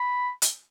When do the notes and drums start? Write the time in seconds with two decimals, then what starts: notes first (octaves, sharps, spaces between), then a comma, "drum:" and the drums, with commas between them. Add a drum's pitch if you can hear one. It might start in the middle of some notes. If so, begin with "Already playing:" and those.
Already playing: B5
0.42 drum: hi-hat